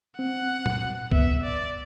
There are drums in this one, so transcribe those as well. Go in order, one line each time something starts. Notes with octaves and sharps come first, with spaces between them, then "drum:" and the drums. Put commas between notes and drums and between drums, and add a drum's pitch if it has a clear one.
C4 F#5
drum: tom A#2
B3 E5, drum: kick C2
D5